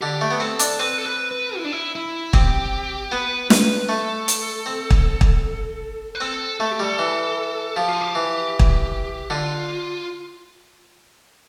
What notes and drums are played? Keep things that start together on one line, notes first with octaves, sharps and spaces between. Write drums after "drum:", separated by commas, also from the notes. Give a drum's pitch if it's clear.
D3 G4
A3
B3
C4 A4
D4, drum: hi-hat
C4 B4
A4
B4
B4
E4
D4
E4
E4
C4 G4, drum: kick
B3 B4
B4, drum: snare
A3 A4
drum: hi-hat
C4
drum: kick
drum: kick
B4
C4 A4
A3 A4
G4
G3 A4
E3
F3 G4
F4
G4
E3
drum: kick
D3 F4